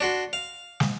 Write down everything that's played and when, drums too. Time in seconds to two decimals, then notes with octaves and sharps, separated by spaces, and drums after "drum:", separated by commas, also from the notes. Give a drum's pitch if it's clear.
0.01 D4 F#4 C6
0.33 F5
0.80 drum: snare